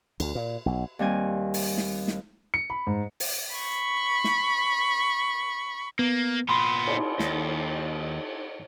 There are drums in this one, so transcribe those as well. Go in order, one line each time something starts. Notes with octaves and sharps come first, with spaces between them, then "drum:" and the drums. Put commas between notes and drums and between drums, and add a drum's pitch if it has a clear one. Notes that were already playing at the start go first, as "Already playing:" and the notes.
D2, drum: cymbal
A#2
B1
D#2 G3 C4 G#5
drum: open hi-hat
drum: snare
drum: snare
C#7
B5
G#2
drum: open hi-hat
B5 C#6
drum: snare
A#3 B3
A#2 B3 B5 C6
drum: cymbal
D#2, drum: snare